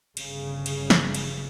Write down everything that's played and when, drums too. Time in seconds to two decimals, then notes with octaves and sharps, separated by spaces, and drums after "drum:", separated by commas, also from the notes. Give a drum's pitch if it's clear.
0.17 G1 G2 C#3, drum: cymbal
0.66 drum: cymbal
0.90 drum: snare
1.15 drum: cymbal